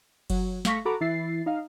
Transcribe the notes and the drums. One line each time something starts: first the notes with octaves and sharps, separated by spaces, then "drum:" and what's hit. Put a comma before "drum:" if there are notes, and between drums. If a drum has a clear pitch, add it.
F#3, drum: kick F#1, cymbal
A3 F5 C#6 A#6 B6, drum: snare
F#4 A4 A#5 B5 D6
E3 E4 A6 C7
D#4 F5